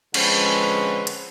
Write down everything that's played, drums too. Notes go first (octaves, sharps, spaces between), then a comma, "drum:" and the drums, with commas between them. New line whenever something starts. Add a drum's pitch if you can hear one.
D3 F3 G#3 C4 C#4 B4, drum: cymbal
drum: hi-hat